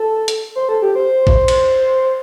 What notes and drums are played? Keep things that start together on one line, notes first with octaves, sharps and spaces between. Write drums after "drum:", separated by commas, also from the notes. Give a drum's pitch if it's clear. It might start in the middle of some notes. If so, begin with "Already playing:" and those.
Already playing: A4
drum: hi-hat
C5
A4
G4
C5
drum: kick A1
drum: cymbal